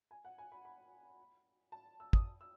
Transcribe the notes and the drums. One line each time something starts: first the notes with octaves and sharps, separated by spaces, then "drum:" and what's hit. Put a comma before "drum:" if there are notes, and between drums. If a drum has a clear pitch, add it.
G#5
F#5
G#5
B5
B5
A5
E6
D#6, drum: kick
E6